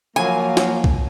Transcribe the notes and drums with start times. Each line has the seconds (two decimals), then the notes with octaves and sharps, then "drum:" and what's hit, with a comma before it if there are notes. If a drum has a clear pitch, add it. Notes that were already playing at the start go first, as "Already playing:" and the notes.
0.16 F3 F#3 A#3 G#5
0.57 drum: snare
0.84 drum: kick B1